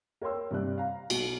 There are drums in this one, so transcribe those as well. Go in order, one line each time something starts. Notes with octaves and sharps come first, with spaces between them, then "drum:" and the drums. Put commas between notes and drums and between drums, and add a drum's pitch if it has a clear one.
A#4 C#5 G5 C6 E6
G2 C3 D5 F#6
F5 A#5
B1 F#4 C7, drum: cymbal